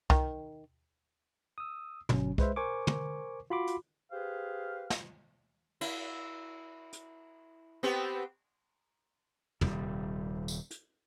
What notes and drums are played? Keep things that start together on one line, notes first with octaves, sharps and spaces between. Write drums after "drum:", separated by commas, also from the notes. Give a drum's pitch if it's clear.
D#3, drum: kick C2
D#6 E6
G1 F#3 C#4, drum: tom
G#3 B4 C5 E5, drum: kick C2
A#4 C5 G#5 C#6 D6
drum: tom
F4 F#4 B5 C6 D6
drum: hi-hat
G4 G#4 B4 C5 F5
drum: snare
E4, drum: cymbal
drum: hi-hat
B3 C4 G4
D#1 C3 G3, drum: tom
drum: tambourine
drum: hi-hat